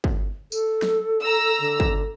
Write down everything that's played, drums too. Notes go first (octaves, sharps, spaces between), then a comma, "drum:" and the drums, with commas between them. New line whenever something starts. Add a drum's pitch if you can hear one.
drum: kick
A4, drum: tambourine
drum: snare
A#5 E6
D3
drum: kick